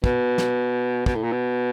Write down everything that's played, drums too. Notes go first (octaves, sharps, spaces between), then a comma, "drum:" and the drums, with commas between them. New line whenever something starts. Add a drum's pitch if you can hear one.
B2, drum: kick
drum: snare
B2, drum: kick
A2
A#2
B2